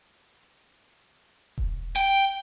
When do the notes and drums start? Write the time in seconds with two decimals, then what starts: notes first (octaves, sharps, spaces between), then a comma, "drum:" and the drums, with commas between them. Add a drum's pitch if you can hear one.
1.58 drum: kick D#1
1.96 G5